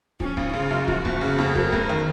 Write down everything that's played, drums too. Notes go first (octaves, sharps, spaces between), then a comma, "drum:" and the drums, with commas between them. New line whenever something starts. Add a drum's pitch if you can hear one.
F3 C#4, drum: kick
G#1, drum: kick
C#3 F4
F#2
F3 F#4, drum: kick
F#1, drum: kick
C#3
F2
F#3 A#4, drum: kick
F1, drum: kick
D#3